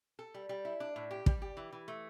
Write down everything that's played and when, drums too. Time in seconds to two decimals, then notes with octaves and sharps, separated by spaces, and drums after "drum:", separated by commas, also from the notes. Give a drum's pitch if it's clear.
0.19 A4
0.34 G3
0.49 G3
0.65 E4
0.80 D4
0.96 A2
1.11 G4
1.26 G3, drum: kick
1.42 G4
1.57 E3
1.72 E3
1.88 A3